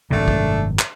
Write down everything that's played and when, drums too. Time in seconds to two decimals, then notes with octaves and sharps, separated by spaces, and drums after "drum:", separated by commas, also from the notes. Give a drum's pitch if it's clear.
0.11 G#1 F#2 C3 A3 D4
0.28 drum: kick
0.79 drum: clap